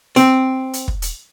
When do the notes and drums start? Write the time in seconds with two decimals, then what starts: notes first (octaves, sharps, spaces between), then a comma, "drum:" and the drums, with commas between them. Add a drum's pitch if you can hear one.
0.16 C4, drum: hi-hat
0.73 drum: hi-hat
0.88 drum: kick
1.02 drum: hi-hat